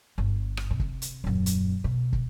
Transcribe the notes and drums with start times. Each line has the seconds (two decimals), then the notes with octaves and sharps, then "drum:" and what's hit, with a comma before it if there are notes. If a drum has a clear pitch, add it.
0.18 G1
0.57 drum: rim click
0.70 C3
0.79 drum: kick
1.02 drum: hi-hat
1.24 D#1 F#2
1.46 drum: hi-hat
1.84 B2
2.13 drum: kick